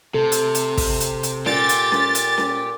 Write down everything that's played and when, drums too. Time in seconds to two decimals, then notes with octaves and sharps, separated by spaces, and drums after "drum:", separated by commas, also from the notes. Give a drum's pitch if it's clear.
0.14 C3 A4
0.32 drum: hi-hat
0.55 drum: hi-hat
0.77 drum: kick, open hi-hat
1.00 drum: hi-hat
1.23 drum: hi-hat
1.46 A#2 G4 A6, drum: snare C#4
1.69 drum: hi-hat
1.92 drum: snare C#4
2.15 drum: hi-hat
2.38 drum: snare C#4